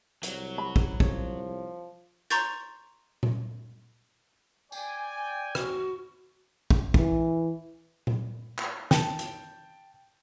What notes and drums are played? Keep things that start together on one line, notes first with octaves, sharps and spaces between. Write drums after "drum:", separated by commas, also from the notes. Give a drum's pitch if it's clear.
C2 F#3 C#5, drum: hi-hat
B5
drum: kick
C2 F3 C#5, drum: kick
A#5 C6 C#6 G6 A6, drum: hi-hat
drum: tom A#2
D5 G5 G#5, drum: tambourine
F#4, drum: rim click
drum: kick
E3, drum: kick
drum: tom A#2
drum: clap
G5 A5, drum: snare
drum: hi-hat